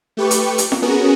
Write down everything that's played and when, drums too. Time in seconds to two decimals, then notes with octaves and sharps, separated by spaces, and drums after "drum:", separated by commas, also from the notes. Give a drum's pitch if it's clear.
0.17 A3 G4 B4 C#6
0.31 drum: hi-hat
0.58 drum: hi-hat
0.72 drum: snare
0.82 B3 C#4 F#4 G#4 A#4